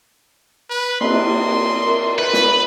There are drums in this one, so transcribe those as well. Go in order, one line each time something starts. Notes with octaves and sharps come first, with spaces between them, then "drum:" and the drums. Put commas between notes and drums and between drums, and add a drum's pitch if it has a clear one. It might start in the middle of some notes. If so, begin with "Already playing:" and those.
B4
A#3 C4 G4 C6, drum: cymbal
A#4
B4
drum: snare